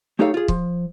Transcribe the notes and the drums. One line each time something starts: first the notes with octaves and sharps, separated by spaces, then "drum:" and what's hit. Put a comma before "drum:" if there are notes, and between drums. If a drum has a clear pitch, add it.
A3 D#4 G4 A4 C#5 F5
F4 G#4
F3, drum: kick